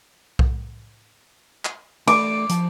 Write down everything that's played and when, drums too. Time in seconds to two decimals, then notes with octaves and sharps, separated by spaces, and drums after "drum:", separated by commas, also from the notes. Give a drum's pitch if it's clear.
0.39 drum: kick B1
1.65 drum: clap
2.07 A3 A4 D5 D6, drum: cymbal
2.49 F3 C5 A5, drum: hi-hat